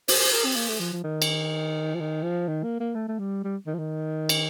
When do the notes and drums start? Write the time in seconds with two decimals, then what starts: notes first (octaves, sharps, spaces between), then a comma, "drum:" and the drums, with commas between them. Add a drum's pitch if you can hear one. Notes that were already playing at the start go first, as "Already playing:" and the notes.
0.08 C5, drum: open hi-hat
0.20 C5
0.32 A#4
0.45 C4
0.56 A#3
0.68 A3
0.80 F3
0.93 F3
1.04 D#3
1.22 drum: cymbal
1.95 F3
2.00 D#3
2.23 F3
2.48 D#3
2.64 A#3
2.80 A#3
2.95 A3
3.08 A3
3.19 G3
3.44 G3
3.67 D#3
3.74 F3
3.79 D#3
4.29 drum: cymbal